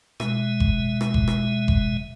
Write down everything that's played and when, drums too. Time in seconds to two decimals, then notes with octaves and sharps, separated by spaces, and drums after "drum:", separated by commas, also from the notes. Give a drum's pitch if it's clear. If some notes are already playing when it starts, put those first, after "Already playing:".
0.20 B2 G#3 E5, drum: rim click
0.60 drum: kick F#1
1.01 drum: rim click
1.14 drum: kick F#1
1.28 drum: rim click
1.68 drum: kick F#1